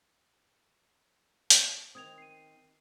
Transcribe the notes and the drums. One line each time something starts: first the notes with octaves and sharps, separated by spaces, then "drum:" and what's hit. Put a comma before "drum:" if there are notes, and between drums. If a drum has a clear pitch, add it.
drum: hi-hat
D#3 C4 D#6 G#6 F7
C7 D#7